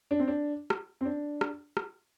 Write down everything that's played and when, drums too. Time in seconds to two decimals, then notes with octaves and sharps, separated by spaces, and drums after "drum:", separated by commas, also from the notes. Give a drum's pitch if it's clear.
0.11 D4
0.19 C4
0.28 D4
0.70 drum: rim click
1.01 C4
1.05 D4
1.41 drum: rim click
1.77 drum: rim click